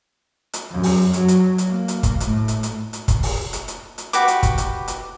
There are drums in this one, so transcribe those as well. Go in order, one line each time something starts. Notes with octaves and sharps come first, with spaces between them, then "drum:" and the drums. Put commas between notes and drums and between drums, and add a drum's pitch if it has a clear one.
drum: hi-hat
F#2
drum: open hi-hat
F#3, drum: hi-hat
drum: hi-hat
drum: hi-hat
A#3
drum: hi-hat
drum: kick, hi-hat
A2, drum: hi-hat
drum: hi-hat
drum: hi-hat
drum: hi-hat
drum: kick, hi-hat
drum: open hi-hat
drum: hi-hat
drum: hi-hat
drum: hi-hat
F#4 G4 B4 D6, drum: hi-hat
drum: hi-hat
drum: kick, hi-hat
drum: hi-hat
drum: hi-hat